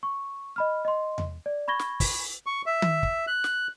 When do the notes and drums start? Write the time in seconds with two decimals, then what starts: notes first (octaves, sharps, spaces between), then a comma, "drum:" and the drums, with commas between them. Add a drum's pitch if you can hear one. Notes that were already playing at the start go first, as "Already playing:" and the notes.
0.03 C#6
0.56 D#5 B5 F6
0.85 D#5 C6
1.18 drum: tom E2
1.46 D5
1.68 B5 C#6 G#6 A#6 G7
1.79 drum: snare
2.00 drum: kick, open hi-hat
2.46 C#6
2.66 E5
2.82 drum: tom D#3
3.03 drum: kick
3.27 F#6
3.44 drum: snare